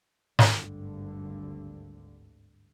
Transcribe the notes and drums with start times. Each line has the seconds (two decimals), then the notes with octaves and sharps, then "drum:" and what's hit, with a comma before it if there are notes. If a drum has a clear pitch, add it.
0.39 G#1 D2 G2 D3, drum: snare